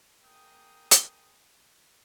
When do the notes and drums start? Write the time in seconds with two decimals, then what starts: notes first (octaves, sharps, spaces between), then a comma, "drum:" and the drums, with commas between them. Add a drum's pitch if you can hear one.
0.23 A#3 G#4 G5 D#6
0.91 drum: hi-hat